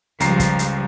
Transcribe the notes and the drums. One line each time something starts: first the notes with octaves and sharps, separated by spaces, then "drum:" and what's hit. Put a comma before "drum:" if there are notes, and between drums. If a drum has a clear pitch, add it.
C#2 F3 G3 A#5 C7, drum: hi-hat
drum: kick, hi-hat
drum: hi-hat